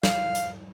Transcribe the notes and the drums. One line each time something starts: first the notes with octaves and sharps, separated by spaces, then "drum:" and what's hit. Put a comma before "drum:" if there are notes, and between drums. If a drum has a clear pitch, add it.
F5, drum: snare
drum: hi-hat